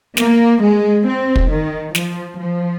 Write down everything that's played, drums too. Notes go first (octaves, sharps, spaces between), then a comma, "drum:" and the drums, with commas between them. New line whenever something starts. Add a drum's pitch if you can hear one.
A#3, drum: snare
G#3
C4
drum: kick
D#3
F3, drum: snare
F3